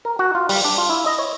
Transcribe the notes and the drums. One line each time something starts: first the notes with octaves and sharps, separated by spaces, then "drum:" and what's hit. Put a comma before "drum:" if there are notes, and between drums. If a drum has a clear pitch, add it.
A#4
F#4
F4
G3, drum: open hi-hat
D4
F4
E4
D#5
C#5